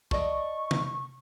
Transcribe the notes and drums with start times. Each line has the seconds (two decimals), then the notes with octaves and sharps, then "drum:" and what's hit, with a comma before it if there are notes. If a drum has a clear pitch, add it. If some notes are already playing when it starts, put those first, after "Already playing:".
0.11 A4 D5 D#5 C#6, drum: kick C2
0.71 drum: tom